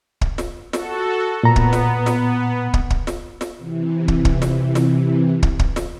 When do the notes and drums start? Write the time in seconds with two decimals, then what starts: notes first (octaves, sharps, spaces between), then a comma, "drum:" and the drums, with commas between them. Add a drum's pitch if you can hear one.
0.21 drum: kick
0.38 drum: snare
0.73 F#4 A4, drum: snare
1.43 A#2 B3 A#5
1.56 drum: kick
1.73 drum: snare
2.06 drum: snare
2.74 drum: kick
2.90 drum: kick
3.07 drum: snare
3.41 drum: snare
3.58 C3 E3
4.08 drum: kick
4.25 drum: kick
4.42 drum: snare
4.75 drum: snare
5.43 drum: kick
5.59 drum: kick
5.76 drum: snare